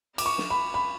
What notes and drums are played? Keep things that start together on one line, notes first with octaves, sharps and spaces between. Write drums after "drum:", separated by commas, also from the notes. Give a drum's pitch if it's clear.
D6, drum: cymbal
C#6
drum: snare
B5
B5